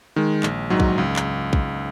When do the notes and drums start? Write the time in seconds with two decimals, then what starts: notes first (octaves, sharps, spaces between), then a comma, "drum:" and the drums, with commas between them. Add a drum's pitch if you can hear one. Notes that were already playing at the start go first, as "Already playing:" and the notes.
0.16 D#3 G#3
0.43 A#1, drum: clap
0.70 G#2 F#3 D#4
0.80 drum: kick A#1
0.98 C#2
1.16 drum: clap
1.53 drum: kick A#1